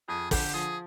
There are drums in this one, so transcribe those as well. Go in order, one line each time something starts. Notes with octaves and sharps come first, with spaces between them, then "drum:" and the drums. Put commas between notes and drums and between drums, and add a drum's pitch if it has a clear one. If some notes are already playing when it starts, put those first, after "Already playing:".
F2 G#4
D3 G4, drum: kick, open hi-hat
F3 G#4